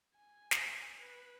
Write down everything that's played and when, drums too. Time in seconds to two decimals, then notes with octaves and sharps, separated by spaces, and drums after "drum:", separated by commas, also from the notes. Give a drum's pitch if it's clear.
0.16 G#5
0.51 drum: snare
1.00 B4